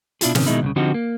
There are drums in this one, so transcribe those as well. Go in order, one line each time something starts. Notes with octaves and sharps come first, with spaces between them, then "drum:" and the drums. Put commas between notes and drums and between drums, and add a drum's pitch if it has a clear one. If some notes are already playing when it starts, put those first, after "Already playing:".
B2 D4 E4 F4 G#4, drum: hi-hat
C3 D#3 C#4, drum: snare
B2 D3 D#3 G#3 D#4 E4
C2 A#2 C#3
D3 F3 C4 D#4 F#4 G4
A#3